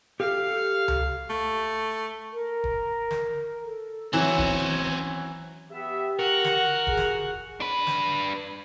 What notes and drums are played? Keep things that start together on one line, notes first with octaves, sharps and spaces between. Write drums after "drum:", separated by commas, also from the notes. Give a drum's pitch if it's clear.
G4 A4 F5
drum: tom C#2
A3
A#4
drum: kick E1
drum: snare
A4
E3 F#3 C4 C#4
drum: kick E1
drum: tom D#3
B3 G4 E5
F#4 A#4 F#5
drum: snare
G#4, drum: kick E1
drum: snare
D4 B4
drum: snare